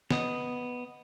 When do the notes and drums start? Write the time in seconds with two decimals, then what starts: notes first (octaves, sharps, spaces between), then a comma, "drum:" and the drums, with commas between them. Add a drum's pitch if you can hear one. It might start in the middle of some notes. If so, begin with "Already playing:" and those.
0.11 B3 D#5, drum: snare